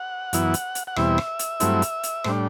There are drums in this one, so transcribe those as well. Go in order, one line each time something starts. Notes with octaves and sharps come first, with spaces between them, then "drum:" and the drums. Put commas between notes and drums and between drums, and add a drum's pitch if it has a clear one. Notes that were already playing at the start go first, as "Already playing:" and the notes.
Already playing: F#5
F#2 E3 B3 E4, drum: hi-hat
drum: hi-hat
drum: hi-hat
F#5
E2 B2 G3 C4 E4 E5, drum: rim click
drum: rim click
drum: hi-hat
G2 F#3 A3 C4 E4, drum: hi-hat
drum: hi-hat
drum: hi-hat
A2 G3 D4 C5, drum: rim click